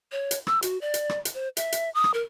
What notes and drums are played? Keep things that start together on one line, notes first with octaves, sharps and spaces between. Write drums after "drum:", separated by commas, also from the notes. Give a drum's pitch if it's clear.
C#5
drum: hi-hat
E6, drum: rim click
F#4, drum: hi-hat
D5
drum: hi-hat
drum: rim click
drum: hi-hat
C5
E5, drum: hi-hat
drum: hi-hat
D#6
drum: rim click
A#4